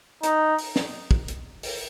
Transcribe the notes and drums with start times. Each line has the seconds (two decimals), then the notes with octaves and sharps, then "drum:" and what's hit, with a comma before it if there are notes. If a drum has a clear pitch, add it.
0.23 D#4, drum: hi-hat
0.58 drum: open hi-hat
0.76 drum: snare
1.11 drum: kick
1.28 drum: hi-hat
1.63 drum: open hi-hat